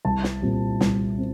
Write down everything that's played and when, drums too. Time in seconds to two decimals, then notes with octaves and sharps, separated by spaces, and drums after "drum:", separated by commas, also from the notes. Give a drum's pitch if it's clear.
0.05 C2 A5
0.24 drum: snare
0.42 A#2 G3 C4
0.81 C2, drum: snare
1.18 C4